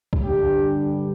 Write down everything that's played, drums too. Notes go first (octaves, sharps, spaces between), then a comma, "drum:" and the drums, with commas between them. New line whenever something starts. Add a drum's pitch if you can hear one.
drum: kick
G2 D3 G3 D4 G4